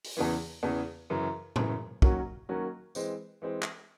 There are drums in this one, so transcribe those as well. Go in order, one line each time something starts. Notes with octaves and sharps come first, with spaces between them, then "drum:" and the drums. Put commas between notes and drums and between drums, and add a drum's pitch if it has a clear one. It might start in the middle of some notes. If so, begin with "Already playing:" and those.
drum: open hi-hat
E2 C#3 E3
E2 C#3 E3
F#2 C#3 E3
F#2 C#3 E3, drum: tom A2
D#3 F#3 A#3 C#4 F#4, drum: kick
D#3 F#3 A#3 C#4 F#4
E3 G#3 C4, drum: tambourine
E3 G#3 C4
drum: clap